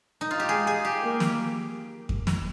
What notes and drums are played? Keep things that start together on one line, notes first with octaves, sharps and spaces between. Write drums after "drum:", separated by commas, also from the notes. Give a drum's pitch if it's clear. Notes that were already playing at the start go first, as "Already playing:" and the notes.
D#4
F4
G4
G#3 G#4
G#4
G4
A#3
drum: snare
drum: kick F2
drum: snare